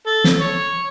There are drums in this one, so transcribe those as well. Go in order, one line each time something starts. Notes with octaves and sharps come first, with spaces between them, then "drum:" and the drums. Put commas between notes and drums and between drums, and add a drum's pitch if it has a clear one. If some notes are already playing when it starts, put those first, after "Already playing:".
A4
drum: snare
C#5